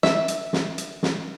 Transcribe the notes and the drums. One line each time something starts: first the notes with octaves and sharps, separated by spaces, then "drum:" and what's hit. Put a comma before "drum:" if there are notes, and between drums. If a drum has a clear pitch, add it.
E5, drum: snare
drum: hi-hat
drum: snare
drum: hi-hat
drum: snare